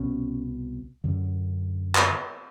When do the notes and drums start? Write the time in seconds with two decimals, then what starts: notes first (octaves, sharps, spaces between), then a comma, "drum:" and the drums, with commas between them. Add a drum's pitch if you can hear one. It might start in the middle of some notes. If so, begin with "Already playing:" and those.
Already playing: C2 B2 C#4
1.04 F#2 D3
1.95 drum: clap